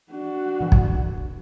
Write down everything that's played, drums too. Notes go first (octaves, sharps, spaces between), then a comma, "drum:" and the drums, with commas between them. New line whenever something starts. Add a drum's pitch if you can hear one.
D4 F#4
B2 E3
drum: kick